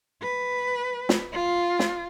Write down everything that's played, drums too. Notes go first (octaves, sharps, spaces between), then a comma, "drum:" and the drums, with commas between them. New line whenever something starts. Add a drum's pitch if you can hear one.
B4
drum: snare
F4
drum: snare